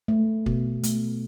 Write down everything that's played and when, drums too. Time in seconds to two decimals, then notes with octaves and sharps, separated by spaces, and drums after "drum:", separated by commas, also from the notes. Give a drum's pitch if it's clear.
0.08 A3
0.46 B2, drum: kick
0.83 A3, drum: hi-hat